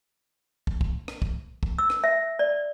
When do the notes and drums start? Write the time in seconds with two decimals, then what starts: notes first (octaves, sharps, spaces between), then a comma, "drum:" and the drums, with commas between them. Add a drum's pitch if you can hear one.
0.67 drum: kick
0.81 drum: kick
1.08 drum: rim click
1.22 drum: kick
1.63 drum: kick
1.78 E6
1.90 drum: rim click
2.04 E5
2.39 D5